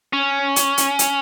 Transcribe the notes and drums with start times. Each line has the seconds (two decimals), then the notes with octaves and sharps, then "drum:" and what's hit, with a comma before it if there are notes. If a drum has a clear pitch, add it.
0.13 C#4
0.56 drum: hi-hat
0.78 drum: hi-hat
0.99 drum: hi-hat